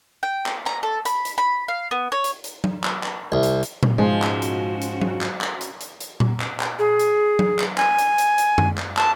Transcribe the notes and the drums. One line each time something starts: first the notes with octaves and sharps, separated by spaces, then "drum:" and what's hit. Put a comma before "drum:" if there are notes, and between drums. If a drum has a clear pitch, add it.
G5
drum: clap
A#5, drum: clap
A4
B5, drum: hi-hat
drum: hi-hat
B5
F5
B3
C#5
drum: hi-hat
drum: hi-hat
drum: tom F#3
drum: clap
drum: clap
C2
drum: hi-hat
drum: hi-hat
drum: tom A#2
G#2 F3 G#3 C#4 F#4
drum: clap
drum: hi-hat
drum: hi-hat
drum: tom F#3
drum: clap
drum: clap
drum: hi-hat
drum: hi-hat
drum: hi-hat
drum: tom A#2
drum: clap
drum: clap
G#4
drum: hi-hat
drum: tom F#3
drum: clap
G#5, drum: clap
drum: hi-hat
drum: hi-hat
drum: hi-hat
drum: tom F#2
drum: clap
A5, drum: clap